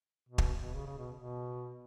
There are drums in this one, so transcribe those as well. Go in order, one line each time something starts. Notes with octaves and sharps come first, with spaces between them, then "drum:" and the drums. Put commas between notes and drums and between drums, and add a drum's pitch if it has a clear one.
B2
drum: kick
B2
C#3
C#3
B2
B2